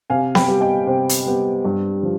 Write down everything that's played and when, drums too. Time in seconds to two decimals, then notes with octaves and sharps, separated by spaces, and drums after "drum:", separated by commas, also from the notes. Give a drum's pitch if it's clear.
0.10 C3 F5 G#5
0.35 G5 B5, drum: snare B3
0.48 G3 B3
0.61 D#5 G5
0.86 C3 C5
1.09 drum: hi-hat
1.26 G3 B3
1.65 G2
2.03 F3